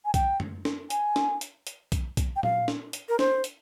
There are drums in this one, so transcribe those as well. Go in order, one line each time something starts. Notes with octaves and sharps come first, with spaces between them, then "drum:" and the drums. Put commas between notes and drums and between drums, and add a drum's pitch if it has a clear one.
G#5
G5, drum: kick B1, hi-hat
drum: tom
drum: snare
G#5, drum: hi-hat
drum: snare
drum: hi-hat
drum: hi-hat
drum: kick B1, hi-hat
drum: kick B1, hi-hat
G5
F5, drum: tom A#2
drum: snare
drum: hi-hat
A#4
C5, drum: snare
drum: hi-hat